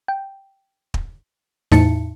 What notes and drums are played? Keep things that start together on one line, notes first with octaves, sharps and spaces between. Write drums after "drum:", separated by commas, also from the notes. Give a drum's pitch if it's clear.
G5
drum: kick
E2 A2 D#4 A5 C#7, drum: snare E4